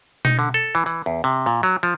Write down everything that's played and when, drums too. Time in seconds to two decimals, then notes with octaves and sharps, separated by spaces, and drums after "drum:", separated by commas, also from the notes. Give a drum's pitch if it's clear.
0.25 D#4, drum: tom B2
0.39 D3
0.54 A4
0.75 E3
0.86 E3, drum: hi-hat
1.06 E2
1.24 C3
1.46 A#2
1.63 F#3
1.83 F3